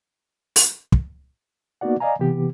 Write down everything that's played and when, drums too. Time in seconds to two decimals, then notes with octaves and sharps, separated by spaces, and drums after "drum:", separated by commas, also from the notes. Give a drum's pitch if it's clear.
0.56 drum: open hi-hat
0.92 drum: kick
1.81 A#3 B3 D#4 F#4 D5 F#5
2.00 D5 D#5 F5 G#5 A#5
2.19 C3 E3 B3 G4